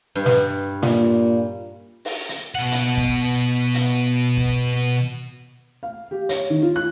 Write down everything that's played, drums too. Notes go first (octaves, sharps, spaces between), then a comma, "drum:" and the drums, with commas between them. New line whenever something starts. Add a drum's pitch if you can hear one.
G2
drum: snare
A#2, drum: snare
drum: open hi-hat
drum: hi-hat
B2 F#5
drum: hi-hat
drum: kick
drum: hi-hat
drum: kick
F5
G4
C#5, drum: hi-hat
D#3
F4
F#6